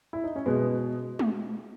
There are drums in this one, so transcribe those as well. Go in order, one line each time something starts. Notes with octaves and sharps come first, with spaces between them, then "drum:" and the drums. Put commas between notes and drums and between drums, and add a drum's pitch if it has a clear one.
E4
D#4
C#4
B2 G#3 B3
drum: tom G#3